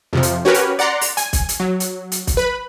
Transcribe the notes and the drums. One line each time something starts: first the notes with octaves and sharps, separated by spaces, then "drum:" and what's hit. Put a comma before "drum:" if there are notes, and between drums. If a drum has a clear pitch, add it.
F2 C3 F3
drum: hi-hat
C#4 F#4 G4 A#4 B4 C#5
drum: hi-hat
D5 F#5 A#5 C6
drum: open hi-hat
G#5, drum: hi-hat
drum: kick, hi-hat
drum: hi-hat
F#3
drum: hi-hat
drum: hi-hat
drum: kick, hi-hat
B4 B5